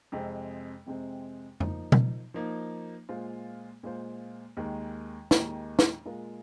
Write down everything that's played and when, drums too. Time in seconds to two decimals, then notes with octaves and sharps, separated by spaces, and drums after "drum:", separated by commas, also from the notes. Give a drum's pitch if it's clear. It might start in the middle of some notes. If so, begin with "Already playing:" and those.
0.12 F2 C3 G#3 C4
0.86 F2 C3 G#3 C4
1.60 F3 A#3 D#4, drum: tom F2
1.92 drum: tom B2
2.34 F3 A#3 D#4
3.09 A#2 G#3 F4 C5
3.83 A#2 G#3 F4 C5
4.57 D#2 D#3 G#3
5.31 D#2 D#3 G#3, drum: snare
5.79 drum: snare
6.05 A#2 G#3 F4 A#4